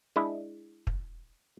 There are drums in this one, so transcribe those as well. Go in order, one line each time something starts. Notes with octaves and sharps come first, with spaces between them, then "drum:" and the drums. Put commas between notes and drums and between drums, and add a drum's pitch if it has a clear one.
G#3 D4 E4
drum: kick